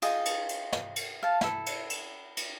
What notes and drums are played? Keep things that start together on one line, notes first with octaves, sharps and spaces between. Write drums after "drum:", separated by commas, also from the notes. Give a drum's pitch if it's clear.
F4 G#4 D#5 G5, drum: cymbal
drum: cymbal
drum: cymbal
drum: snare
drum: cymbal
F5 A5
E4 A4, drum: snare
drum: cymbal
drum: cymbal
drum: cymbal